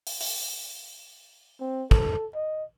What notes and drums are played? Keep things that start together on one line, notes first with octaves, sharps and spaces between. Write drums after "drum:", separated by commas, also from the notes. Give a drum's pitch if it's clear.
drum: open hi-hat
drum: open hi-hat
C4
A4, drum: kick
D#5